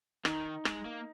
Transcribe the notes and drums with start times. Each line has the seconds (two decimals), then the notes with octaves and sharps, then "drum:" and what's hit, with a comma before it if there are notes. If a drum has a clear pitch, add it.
0.25 D#3 D#4, drum: rim click
0.65 G#3, drum: rim click
0.85 A#3